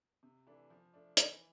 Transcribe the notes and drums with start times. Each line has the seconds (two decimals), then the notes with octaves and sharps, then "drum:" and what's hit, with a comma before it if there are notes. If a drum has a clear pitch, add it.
0.23 C3
0.47 E3 A3 D4
0.70 F3
0.94 A3 D4
1.17 E3, drum: hi-hat